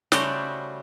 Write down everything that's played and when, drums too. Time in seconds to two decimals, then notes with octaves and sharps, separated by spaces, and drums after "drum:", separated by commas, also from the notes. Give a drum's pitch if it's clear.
0.12 C#3 G3 A3 F#4 G4 C5, drum: snare